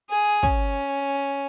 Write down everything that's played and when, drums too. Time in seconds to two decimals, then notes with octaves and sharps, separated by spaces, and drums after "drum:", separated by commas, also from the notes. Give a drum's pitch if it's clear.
0.10 G#4
0.43 C#4, drum: kick